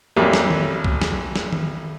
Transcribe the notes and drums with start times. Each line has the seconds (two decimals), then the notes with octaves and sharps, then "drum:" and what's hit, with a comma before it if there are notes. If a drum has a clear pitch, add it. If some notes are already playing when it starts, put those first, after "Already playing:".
0.16 A1 F2 F#3 G3 A#3
0.33 drum: snare
0.50 drum: tom D#3
0.85 drum: kick
1.02 drum: snare
1.36 drum: snare
1.53 drum: tom D#3